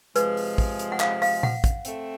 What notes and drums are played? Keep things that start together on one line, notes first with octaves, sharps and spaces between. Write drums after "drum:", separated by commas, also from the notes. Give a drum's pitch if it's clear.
C3 F3 G#3 B4, drum: hi-hat
drum: open hi-hat
drum: kick, open hi-hat
drum: hi-hat
F#5
F5, drum: clap
F5, drum: open hi-hat
F#5, drum: tom A#2
drum: kick, hi-hat
A3 C4, drum: hi-hat